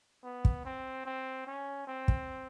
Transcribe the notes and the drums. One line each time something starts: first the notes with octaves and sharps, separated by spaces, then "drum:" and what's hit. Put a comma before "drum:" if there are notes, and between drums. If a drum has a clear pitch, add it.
B3
drum: kick
C4
C4
C#4
C4
drum: kick